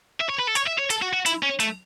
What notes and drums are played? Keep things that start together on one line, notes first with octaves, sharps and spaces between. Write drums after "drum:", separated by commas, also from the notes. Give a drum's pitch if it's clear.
E5
C#5
B4
A4
C#5, drum: hi-hat
E5
C#5
A4, drum: hi-hat
F#4
F#4
E4, drum: hi-hat
C#4
A3, drum: hi-hat